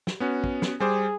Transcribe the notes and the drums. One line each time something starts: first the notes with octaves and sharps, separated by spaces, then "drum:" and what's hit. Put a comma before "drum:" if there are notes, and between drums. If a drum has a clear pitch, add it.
drum: snare
B3 C#4 F#4
drum: kick
drum: snare
G3 G#4 C5 D6